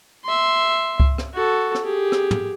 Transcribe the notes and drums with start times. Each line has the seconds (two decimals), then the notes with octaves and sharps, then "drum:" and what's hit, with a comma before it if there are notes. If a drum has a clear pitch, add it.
0.25 E5 C6
1.00 drum: kick C#2
1.18 drum: rim click
1.34 F#4 A4
1.75 drum: rim click
1.84 G4 G#4
2.12 drum: rim click
2.31 drum: tom